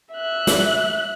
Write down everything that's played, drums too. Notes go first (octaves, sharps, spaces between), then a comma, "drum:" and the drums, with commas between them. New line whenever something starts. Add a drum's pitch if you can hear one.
E5 F#6
drum: snare